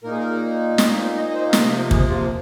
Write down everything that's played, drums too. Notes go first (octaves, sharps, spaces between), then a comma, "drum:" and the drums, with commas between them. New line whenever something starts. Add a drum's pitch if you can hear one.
A#2 A#3 D#4 A#4
G#4
A#4
A#2 A#3 D#4 D#5, drum: snare
C5
D#5
D#5
C5
F5
C3 F3 A#3 D#5, drum: snare
D#5
C5
G#4, drum: kick
F4